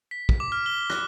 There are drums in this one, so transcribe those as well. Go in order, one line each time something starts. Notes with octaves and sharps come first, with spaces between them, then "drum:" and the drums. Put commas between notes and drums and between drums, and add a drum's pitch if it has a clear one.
B6
drum: kick
D6
F6
G7
F#6, drum: rim click